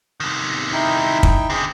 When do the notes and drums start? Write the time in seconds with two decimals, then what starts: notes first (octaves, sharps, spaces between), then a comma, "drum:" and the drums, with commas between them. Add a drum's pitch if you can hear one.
0.20 C3 D#3
0.73 D#4 E4 G5
1.23 drum: kick
1.50 D3 C4 G#4 D#5 G5